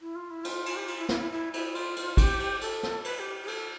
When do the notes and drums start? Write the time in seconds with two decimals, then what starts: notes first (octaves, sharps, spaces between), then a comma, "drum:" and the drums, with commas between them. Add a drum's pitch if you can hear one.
0.01 E4
0.16 F4
0.30 E4
0.45 F4, drum: cymbal
0.66 drum: cymbal
0.76 G4
0.88 F4, drum: cymbal
0.98 E4
1.09 E4, drum: snare
1.20 E4
1.31 E4
1.53 E4, drum: cymbal
1.75 F4, drum: cymbal
1.96 drum: cymbal
2.17 G4, drum: kick G#1, cymbal
2.40 drum: cymbal
2.61 A4, drum: cymbal
2.83 drum: snare
3.04 B4, drum: cymbal
3.19 G4
3.43 G4
3.48 A4, drum: cymbal